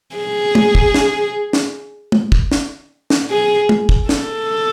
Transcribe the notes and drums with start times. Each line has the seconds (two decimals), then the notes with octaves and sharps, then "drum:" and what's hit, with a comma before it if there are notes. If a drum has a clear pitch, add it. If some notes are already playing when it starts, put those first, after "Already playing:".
0.16 G#4
0.55 drum: tom
0.75 drum: kick
0.94 drum: snare
1.53 drum: snare
2.12 drum: tom
2.32 drum: kick
2.52 drum: snare
3.10 drum: snare
3.31 G#4
3.69 drum: tom
3.89 drum: kick
4.09 A4, drum: snare